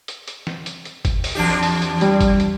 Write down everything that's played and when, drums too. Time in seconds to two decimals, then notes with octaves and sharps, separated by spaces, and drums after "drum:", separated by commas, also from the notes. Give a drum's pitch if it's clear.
0.08 drum: hi-hat
0.28 drum: hi-hat
0.47 drum: snare
0.66 drum: hi-hat
0.85 drum: hi-hat
1.05 drum: kick G1, hi-hat
1.24 drum: open hi-hat
1.35 E2 D4 G4
1.63 drum: open hi-hat
1.82 drum: hi-hat
2.01 G3, drum: hi-hat
2.20 drum: kick G1, hi-hat
2.40 drum: hi-hat